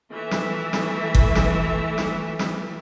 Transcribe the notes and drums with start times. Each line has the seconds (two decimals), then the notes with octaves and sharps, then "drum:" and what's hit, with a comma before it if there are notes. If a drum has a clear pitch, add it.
0.11 E3 A3 E5
0.31 drum: snare
0.73 drum: snare
1.15 drum: kick G1
1.35 drum: snare
1.98 drum: snare
2.39 drum: snare